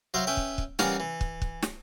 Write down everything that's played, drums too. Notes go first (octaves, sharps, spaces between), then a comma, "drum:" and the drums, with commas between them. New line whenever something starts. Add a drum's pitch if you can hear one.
F#3 C5 E5 F5
C#4 B4 E5 G5
drum: kick
drum: kick
E3 G3 C#4 A#4 F5 F#5, drum: snare
E3
drum: kick
drum: kick
drum: snare